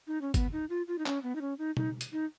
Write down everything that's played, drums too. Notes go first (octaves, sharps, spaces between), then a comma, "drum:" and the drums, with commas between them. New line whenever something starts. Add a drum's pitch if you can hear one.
D#4
C#4
B3, drum: kick G1, hi-hat
D#4
F4
F4
D#4
C#4, drum: clap
B3
D#4
C#4
D#4
D#4, drum: tom B2
drum: hi-hat
D#4